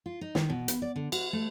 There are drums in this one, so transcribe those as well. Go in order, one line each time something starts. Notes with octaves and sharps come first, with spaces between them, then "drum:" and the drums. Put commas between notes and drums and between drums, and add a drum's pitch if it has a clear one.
F4
D#4
D#3, drum: snare
B2
B4, drum: hi-hat
D5
D3
F#4, drum: cymbal
A3